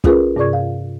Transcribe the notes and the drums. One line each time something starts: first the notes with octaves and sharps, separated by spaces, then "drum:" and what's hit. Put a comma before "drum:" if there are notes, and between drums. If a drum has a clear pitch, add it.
C#4 F4 G#4 A#4 B4, drum: kick
G2 C3 G#4 D5 C#6 G#6
F5